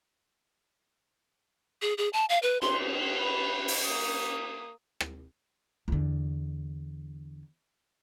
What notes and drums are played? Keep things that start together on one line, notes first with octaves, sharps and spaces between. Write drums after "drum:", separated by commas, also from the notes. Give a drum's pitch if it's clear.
G#4
G#4
A5
F5
B4
C6, drum: cymbal
B4
drum: open hi-hat
A#3 D#6
drum: rim click
E2 D3